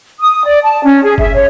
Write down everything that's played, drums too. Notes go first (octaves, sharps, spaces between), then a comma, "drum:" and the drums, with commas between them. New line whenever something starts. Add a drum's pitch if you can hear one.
D#6
D5
A5
C#4
G#4
E5, drum: kick G1
C#5